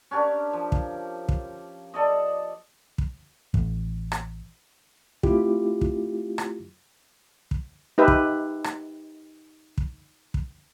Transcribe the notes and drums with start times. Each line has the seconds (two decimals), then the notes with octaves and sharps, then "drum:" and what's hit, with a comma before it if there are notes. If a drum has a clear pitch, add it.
0.11 C#4 D4 G4 A#4
0.53 F3
0.72 drum: kick
1.29 drum: kick
1.94 A4 D5 D#5
2.98 drum: kick
3.54 A1, drum: kick
4.12 drum: rim click
5.23 A3 C4 E4 F4 G4, drum: kick
5.81 drum: kick
6.38 drum: rim click
7.51 drum: kick
7.98 D#4 G4 B4 E5
8.08 drum: kick
8.64 drum: rim click
9.78 drum: kick
10.34 drum: kick